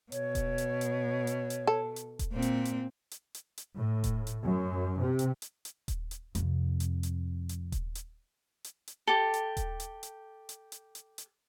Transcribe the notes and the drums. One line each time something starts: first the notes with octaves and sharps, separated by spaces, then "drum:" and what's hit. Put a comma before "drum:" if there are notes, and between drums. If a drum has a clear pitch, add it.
B2 C#5, drum: hi-hat
drum: kick D#1, hi-hat
drum: hi-hat
drum: hi-hat
drum: hi-hat
drum: hi-hat
A4
drum: hi-hat
drum: kick D#1, hi-hat
A#2 C4
drum: hi-hat
drum: hi-hat
drum: hi-hat
drum: hi-hat
drum: hi-hat
A2
drum: kick D#1, hi-hat
drum: hi-hat
F#2
C3
drum: hi-hat
drum: hi-hat
drum: hi-hat
drum: kick D#1, hi-hat
drum: hi-hat
F2 C3, drum: hi-hat
drum: hi-hat
drum: hi-hat
drum: hi-hat
drum: kick D#1, hi-hat
drum: hi-hat
drum: hi-hat
drum: hi-hat
G4 A4
drum: hi-hat
drum: kick D#1, hi-hat
drum: hi-hat
drum: hi-hat
drum: hi-hat
drum: hi-hat
drum: hi-hat
drum: hi-hat